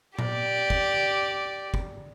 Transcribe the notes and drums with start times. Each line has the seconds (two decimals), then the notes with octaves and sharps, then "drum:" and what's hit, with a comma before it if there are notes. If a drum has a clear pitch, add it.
0.19 G4 D5, drum: tom A#2
0.70 drum: kick
1.74 drum: kick